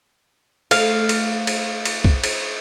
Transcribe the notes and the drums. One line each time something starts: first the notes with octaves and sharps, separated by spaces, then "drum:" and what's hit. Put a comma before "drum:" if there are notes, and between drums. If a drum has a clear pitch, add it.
A3 F5, drum: cymbal
drum: cymbal
drum: cymbal
drum: cymbal
drum: kick
drum: cymbal